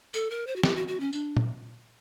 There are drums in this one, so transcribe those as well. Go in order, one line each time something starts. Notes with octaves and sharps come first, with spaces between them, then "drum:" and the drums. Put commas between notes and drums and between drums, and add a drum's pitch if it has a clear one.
A4, drum: tambourine
A#4
C5
F#4
G4, drum: snare
F#4
F#4
C#4
D4, drum: tambourine
drum: tom A#2